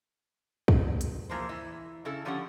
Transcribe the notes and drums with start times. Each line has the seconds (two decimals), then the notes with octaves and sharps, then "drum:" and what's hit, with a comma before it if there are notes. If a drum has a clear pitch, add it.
0.68 drum: kick
1.01 drum: hi-hat
1.30 E3 F3 A#3 G#4 C5
1.49 E3 E4
2.05 C#3 E4 A4
2.25 D3 F3 C#4 G4 C#5 F#5